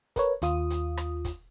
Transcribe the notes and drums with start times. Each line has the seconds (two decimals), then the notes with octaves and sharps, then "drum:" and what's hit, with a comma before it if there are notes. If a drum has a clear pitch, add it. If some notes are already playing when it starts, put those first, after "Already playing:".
0.16 A#4 B4 C#5, drum: kick, hi-hat
0.42 D#2 F4 D#6, drum: hi-hat
0.70 drum: hi-hat
0.97 drum: rim click
1.25 drum: kick, hi-hat